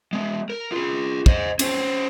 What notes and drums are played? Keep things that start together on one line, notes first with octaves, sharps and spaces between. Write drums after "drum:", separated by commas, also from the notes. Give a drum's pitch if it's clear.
G#3 B3
A#4
F4 G#4
C5 D#5, drum: kick
C#4 C5, drum: cymbal